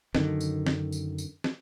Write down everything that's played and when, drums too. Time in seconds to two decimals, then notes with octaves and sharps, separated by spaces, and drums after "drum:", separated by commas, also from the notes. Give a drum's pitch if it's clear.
0.15 F#2 D3 D#3, drum: snare
0.41 drum: tambourine
0.66 drum: snare
0.92 drum: tambourine
1.18 drum: tambourine
1.44 drum: snare